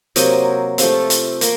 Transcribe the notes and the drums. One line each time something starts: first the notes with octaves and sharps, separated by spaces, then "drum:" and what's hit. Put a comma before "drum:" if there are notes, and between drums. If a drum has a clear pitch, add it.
C3 F#3 A#3 D#5, drum: hi-hat
C3 F3 A3 F5, drum: hi-hat
drum: hi-hat
A#3, drum: hi-hat